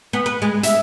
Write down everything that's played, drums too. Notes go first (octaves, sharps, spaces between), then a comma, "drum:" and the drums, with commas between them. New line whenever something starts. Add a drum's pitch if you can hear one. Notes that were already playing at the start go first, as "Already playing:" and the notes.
B3
B4
G#3
E5, drum: hi-hat